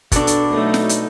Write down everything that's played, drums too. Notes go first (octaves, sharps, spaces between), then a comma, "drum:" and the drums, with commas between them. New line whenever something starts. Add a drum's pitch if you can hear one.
B2 D4 A4, drum: kick, hi-hat
drum: hi-hat
F#3 A3 D#4
drum: snare
drum: hi-hat